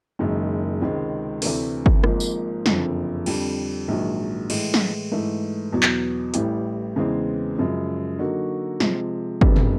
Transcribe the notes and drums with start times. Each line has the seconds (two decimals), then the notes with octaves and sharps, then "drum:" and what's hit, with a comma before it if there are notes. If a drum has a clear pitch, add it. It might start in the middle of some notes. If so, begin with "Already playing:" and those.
0.19 F#1 F#2 D#3 G#3
0.81 C#2 C3 D#3 G#3 C4
1.42 D2 C3 E3 A3 D4, drum: open hi-hat
1.86 drum: kick G1
2.04 G#1 G#2 F3 A#3, drum: rim click
2.20 drum: tambourine
2.66 F#1 F2 D3 F3, drum: snare
3.26 F2 D3 G3, drum: cymbal
3.88 A#1 G#2 D#3 F#3
4.50 A2 E3 G#3, drum: cymbal
4.74 drum: snare
5.11 G#2 E3 A3
5.72 E2 B2 F#3
5.83 drum: clap
6.34 A1 A2 E3 G3, drum: hi-hat
6.96 E2 C#3 E3 G#3 C4
7.58 F#2 C#3 F3 G#3
8.18 D3 F#3 A#3 D#4 F#4
8.80 C3 F3 G#3, drum: snare
9.41 F#1 F2 D3 G3 B3, drum: kick G1
9.56 drum: tom